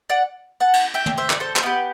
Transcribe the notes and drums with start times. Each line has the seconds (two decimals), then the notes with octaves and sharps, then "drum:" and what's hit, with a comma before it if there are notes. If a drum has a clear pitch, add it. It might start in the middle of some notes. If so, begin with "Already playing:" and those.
0.10 D5 F#5
0.60 F#5 A5
0.73 drum: cymbal
0.94 E5 G5
1.06 drum: tom
1.18 C5 E5
1.30 D5, drum: clap
1.40 A4 C5
1.56 C5, drum: clap
1.63 B3 E4 G4 B4